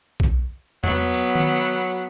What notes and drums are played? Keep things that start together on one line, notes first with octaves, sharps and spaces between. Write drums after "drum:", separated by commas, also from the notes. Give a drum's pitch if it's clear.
drum: kick B1
F#3 B3, drum: tom E2
drum: hi-hat
drum: tom D#3